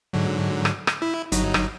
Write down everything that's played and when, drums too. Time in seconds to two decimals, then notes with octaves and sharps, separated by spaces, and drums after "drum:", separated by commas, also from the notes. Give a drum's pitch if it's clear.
0.13 G#2 D3 F#3
0.65 drum: rim click
0.87 drum: rim click
1.02 E4
1.32 G1 F#3 D#4, drum: hi-hat
1.54 drum: rim click